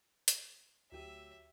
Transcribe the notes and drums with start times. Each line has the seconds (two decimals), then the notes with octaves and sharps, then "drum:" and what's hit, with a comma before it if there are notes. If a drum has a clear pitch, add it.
0.28 drum: hi-hat
0.92 D2 F#3 G4 E5 E6 D#7